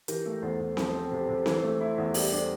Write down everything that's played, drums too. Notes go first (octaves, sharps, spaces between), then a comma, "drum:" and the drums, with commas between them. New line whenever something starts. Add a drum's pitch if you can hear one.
E3 G4 A#4, drum: hi-hat
A3
E2 A4 C5
E2
F3, drum: snare C4
C4
C3
C3
E3, drum: snare C4
A3
E4
E2
G3 G4 A#4, drum: open hi-hat
D4 A4 C5